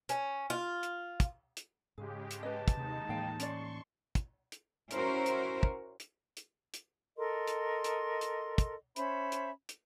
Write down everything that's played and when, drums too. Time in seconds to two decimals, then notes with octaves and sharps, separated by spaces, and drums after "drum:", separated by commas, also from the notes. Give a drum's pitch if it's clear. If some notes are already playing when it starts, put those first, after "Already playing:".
0.09 C#4, drum: hi-hat
0.50 F4
0.83 drum: hi-hat
1.20 drum: kick, hi-hat
1.57 drum: hi-hat
1.98 G#2 C#3 G#3 G4 G#4
2.31 drum: hi-hat
2.43 B4 D#5 A5
2.68 drum: kick, hi-hat
2.77 D#2 C3 G#3 D#4
3.09 A2 E3 A#3 F5 G5
3.40 C#4 D5 C6 C#6, drum: hi-hat
4.15 drum: kick, hi-hat
4.52 drum: hi-hat
4.91 C#4 E4 F#4 A#4 C5, drum: hi-hat
5.26 drum: hi-hat
5.63 drum: kick
6.00 drum: hi-hat
6.37 drum: hi-hat
6.74 drum: hi-hat
7.17 A4 A#4 D#5 C6
7.47 drum: hi-hat
7.84 drum: hi-hat
8.21 drum: hi-hat
8.58 drum: kick, hi-hat
8.96 C#4 C5 E5 B5, drum: hi-hat
9.32 drum: hi-hat
9.69 drum: hi-hat